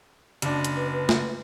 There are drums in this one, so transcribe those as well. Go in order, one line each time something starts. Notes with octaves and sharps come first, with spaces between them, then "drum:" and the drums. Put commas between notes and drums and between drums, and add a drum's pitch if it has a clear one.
F#1 D4, drum: hi-hat
drum: hi-hat
B4
B4
drum: snare